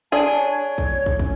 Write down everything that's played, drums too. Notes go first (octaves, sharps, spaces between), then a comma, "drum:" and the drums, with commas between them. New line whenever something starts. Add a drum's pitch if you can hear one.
D4 G#4 G#5 A5
C#5
drum: kick
drum: kick
C#4, drum: kick